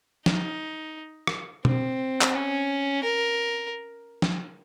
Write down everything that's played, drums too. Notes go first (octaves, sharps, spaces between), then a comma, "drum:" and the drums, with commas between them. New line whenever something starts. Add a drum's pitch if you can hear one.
D#4, drum: snare
drum: rim click
C4, drum: tom B2
drum: clap
C#4
A#4
drum: snare